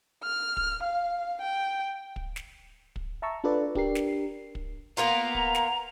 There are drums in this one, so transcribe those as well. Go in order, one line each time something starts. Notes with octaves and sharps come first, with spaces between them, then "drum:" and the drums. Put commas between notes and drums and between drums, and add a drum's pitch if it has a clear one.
F6
drum: kick
F5
G5
drum: kick
drum: snare
drum: kick
E5 A5 A#5 C#6 E6
D4 F4 A4 B4 D5
D4 G4 A#4 C7, drum: kick
drum: snare
drum: kick
A#3 B3 F4 A#5
drum: kick
drum: snare